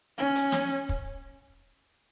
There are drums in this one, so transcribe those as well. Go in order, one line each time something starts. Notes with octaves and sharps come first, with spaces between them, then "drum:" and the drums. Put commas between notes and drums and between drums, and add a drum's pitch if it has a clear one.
C#4
drum: hi-hat
drum: snare
drum: kick